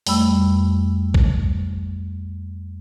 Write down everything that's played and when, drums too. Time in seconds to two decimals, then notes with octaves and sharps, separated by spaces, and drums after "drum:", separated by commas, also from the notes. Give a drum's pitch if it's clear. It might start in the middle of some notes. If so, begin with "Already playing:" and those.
0.07 F2 G3 A3 B5 E6, drum: open hi-hat
1.14 drum: kick